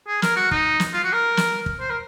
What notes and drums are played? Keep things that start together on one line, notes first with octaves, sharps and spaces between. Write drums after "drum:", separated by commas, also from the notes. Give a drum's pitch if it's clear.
G#4
A#4, drum: snare
F#4
D#4, drum: kick
drum: snare
F4
F#4
A#4
drum: snare
drum: kick
C5
A#4